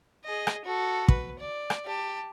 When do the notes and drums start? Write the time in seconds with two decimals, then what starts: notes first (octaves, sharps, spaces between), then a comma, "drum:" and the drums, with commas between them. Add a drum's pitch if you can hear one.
0.25 G#4 D#5
0.47 drum: rim click
0.64 F#4 A4
1.08 B4, drum: kick
1.39 D5
1.70 drum: rim click
1.86 G4 A5